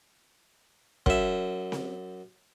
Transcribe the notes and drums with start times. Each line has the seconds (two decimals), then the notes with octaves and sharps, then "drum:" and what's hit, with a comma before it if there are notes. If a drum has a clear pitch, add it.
1.06 F#2 E5, drum: kick
1.72 drum: snare C4